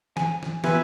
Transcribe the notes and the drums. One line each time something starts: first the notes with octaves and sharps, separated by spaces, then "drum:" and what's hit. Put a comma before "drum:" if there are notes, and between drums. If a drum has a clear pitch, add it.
G#5, drum: snare
drum: snare
B3 F4 G4 B4 E5 G#5, drum: snare